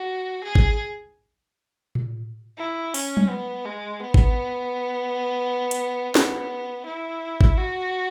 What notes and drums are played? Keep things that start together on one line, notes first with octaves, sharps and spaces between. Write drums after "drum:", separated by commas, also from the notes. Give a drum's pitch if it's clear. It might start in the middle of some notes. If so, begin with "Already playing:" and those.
Already playing: F#4
G#4
drum: kick
drum: tom A2
E4
C#4, drum: open hi-hat
drum: tom F#3
B3
G#3
B3
drum: kick
drum: hi-hat
B3, drum: snare
E4
drum: kick
F#4